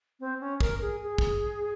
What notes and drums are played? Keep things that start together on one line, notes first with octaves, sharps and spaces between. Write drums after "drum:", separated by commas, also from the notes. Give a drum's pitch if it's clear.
C4
C#4
A#4, drum: kick
G#4
G#4
drum: kick